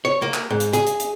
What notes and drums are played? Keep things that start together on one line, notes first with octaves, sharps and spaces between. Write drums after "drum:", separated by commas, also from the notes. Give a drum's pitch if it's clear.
C#5
A#3
drum: clap
G#2
drum: hi-hat
G#4, drum: hi-hat
drum: hi-hat
drum: hi-hat